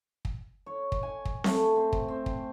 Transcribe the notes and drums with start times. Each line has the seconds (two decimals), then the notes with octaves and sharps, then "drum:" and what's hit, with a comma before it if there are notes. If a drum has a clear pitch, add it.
0.25 drum: kick
0.66 C#5
0.92 drum: kick
1.03 G#5
1.25 drum: kick
1.44 A3, drum: snare C4
1.76 C4
1.93 drum: kick
2.08 C4
2.26 drum: kick